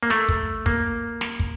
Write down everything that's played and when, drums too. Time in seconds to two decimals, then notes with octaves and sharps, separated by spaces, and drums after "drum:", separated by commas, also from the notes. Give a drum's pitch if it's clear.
0.03 A#3
0.10 A3, drum: snare
0.29 drum: kick
0.66 A#3, drum: kick
1.21 drum: snare
1.39 drum: kick